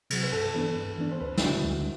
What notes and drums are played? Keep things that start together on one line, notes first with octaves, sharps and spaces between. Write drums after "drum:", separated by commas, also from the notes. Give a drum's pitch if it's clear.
C3 F#3, drum: cymbal
B4
G2 A4
E3 B3 D4 B4
G2
E3 B3 D4
C5
D2 B4
E4, drum: snare
D3 G3 D4 F#4
D2